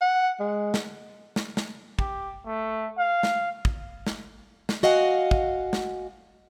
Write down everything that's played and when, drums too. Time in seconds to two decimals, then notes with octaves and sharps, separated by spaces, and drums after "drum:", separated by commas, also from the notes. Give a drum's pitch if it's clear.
0.01 F#5
0.39 G#3
0.74 drum: snare
1.36 drum: snare
1.57 drum: snare
1.99 G4, drum: kick
2.46 A3
2.97 F5
3.23 drum: snare
3.65 drum: kick
4.07 drum: snare
4.69 drum: snare
4.83 F#4 D#5 F5 F#5 G#5
5.31 drum: kick
5.73 drum: snare